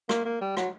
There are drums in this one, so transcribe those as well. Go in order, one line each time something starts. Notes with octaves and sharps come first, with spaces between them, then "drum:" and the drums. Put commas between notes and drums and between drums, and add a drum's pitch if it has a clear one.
A#3, drum: rim click
A#3
G3
F#3, drum: rim click